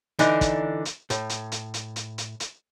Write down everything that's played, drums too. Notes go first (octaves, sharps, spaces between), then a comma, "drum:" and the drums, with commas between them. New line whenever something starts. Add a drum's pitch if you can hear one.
D3 E3 D4 D#4, drum: hi-hat
drum: kick, hi-hat
drum: hi-hat
A2, drum: hi-hat
drum: hi-hat
drum: hi-hat
drum: hi-hat
drum: hi-hat
drum: hi-hat
drum: hi-hat